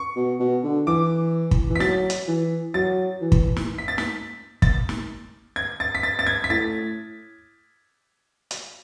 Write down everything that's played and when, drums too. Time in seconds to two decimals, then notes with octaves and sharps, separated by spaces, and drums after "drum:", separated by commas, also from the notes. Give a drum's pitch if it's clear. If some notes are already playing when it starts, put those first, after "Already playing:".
Already playing: C#6
0.16 B2
0.40 B2
0.64 D3
0.87 E3 D6
1.51 drum: kick
1.70 E3
1.76 B6
1.80 F#3 A6, drum: snare
2.10 drum: hi-hat
2.28 E3
2.74 F#3 A6
3.21 E3
3.32 drum: kick
3.57 drum: snare
3.78 B6
3.88 A6
3.98 B6, drum: snare
4.62 A6, drum: kick
4.89 drum: snare
5.56 G#6
5.80 A6
5.95 B6
6.03 A6
6.19 A6
6.27 G#6
6.44 B6
6.50 A2 A6
8.51 drum: hi-hat